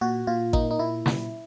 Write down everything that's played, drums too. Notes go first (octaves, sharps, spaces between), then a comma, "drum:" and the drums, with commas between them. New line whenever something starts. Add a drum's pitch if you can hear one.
A#2 F#4
A#2 F4
A#3 D#4, drum: kick A1
D#4
A#2 E4
A#2, drum: snare